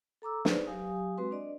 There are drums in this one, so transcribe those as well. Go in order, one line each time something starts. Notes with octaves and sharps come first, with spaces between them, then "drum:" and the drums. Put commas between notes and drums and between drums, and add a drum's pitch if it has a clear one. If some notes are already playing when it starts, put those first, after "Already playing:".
A4 A#5 D6 E6
D#4 G#4 B4 C5 D5, drum: snare
F#3 G4 F5 G#5 D#6
G#3 C4 F#4 B4 C6
D4 D5 D#5